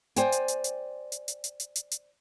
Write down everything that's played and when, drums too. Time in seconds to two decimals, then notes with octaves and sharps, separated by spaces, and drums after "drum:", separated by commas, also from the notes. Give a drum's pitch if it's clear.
0.16 C5 D5 G5 G#5, drum: hi-hat
0.32 drum: hi-hat
0.48 drum: hi-hat
0.64 drum: hi-hat
1.12 drum: hi-hat
1.28 drum: hi-hat
1.44 drum: hi-hat
1.60 drum: hi-hat
1.76 drum: hi-hat
1.91 drum: hi-hat